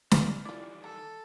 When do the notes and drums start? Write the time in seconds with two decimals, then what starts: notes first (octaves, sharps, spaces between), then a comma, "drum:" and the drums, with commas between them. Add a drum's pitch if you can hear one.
0.11 B2 G4 D5 B5 F6, drum: snare
0.45 D#3 E3 G3 E4 F4 D5
0.84 A4 A#5